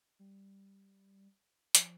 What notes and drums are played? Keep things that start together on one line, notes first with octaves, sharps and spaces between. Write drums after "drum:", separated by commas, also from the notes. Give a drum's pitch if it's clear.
G3
F3, drum: hi-hat